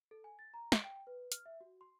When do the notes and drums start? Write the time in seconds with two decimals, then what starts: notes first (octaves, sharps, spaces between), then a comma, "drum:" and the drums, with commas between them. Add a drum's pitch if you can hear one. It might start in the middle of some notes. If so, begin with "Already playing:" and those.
0.11 A4
0.24 G#5
0.39 A6
0.54 A#5
0.72 D7, drum: snare
0.84 G5
1.07 B4
1.32 F6, drum: hi-hat
1.46 E5
1.61 F#4
1.81 C6